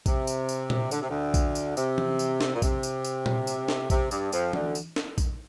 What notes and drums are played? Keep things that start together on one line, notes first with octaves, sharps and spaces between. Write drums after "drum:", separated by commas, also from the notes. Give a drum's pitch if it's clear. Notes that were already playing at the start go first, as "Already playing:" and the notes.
C3, drum: kick A#1, tambourine
drum: tambourine
drum: tambourine
drum: tom A#2
D3, drum: tambourine
C3
D2 D3
drum: kick A#1, tambourine
drum: tambourine
C3, drum: tambourine
drum: tom E3
drum: tambourine
drum: snare
A#2
C3, drum: kick A#1, tambourine
drum: tambourine
drum: tambourine
drum: tom A#2
drum: tambourine
drum: snare
C3, drum: kick A#1, tambourine
G2 G3, drum: tambourine
F2 F3, drum: tambourine
D2 D3, drum: tom E3
drum: tambourine
drum: snare
drum: kick A#1, tambourine